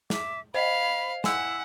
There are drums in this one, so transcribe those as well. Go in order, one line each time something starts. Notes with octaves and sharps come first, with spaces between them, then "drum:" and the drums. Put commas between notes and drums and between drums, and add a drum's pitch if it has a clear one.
E5 D6, drum: snare
C5 D#5 F5 B5
E4 F#5 G#5 E6, drum: snare